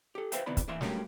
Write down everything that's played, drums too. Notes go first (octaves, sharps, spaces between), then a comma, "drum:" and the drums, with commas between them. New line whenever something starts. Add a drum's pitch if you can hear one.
G4 A4
B4 C5 E5 F5 G5, drum: hi-hat
C3 D#3 B3 E4 D5 B5
drum: kick, hi-hat
A#2 E3 E5 C6
G2 F#3 A3 A#3 C#4 G4, drum: snare